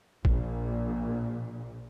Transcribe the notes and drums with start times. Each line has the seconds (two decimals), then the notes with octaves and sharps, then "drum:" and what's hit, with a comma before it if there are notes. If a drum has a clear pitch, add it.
0.25 A#1 A#2, drum: kick A1